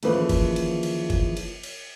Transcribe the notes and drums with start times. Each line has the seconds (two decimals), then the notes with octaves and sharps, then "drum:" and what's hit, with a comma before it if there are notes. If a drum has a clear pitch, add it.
0.03 D#2 C#3 E3 F3 A#3 B4, drum: cymbal
0.29 drum: kick, cymbal
0.56 drum: cymbal
0.83 drum: cymbal
1.10 drum: kick, cymbal
1.37 drum: cymbal
1.63 drum: cymbal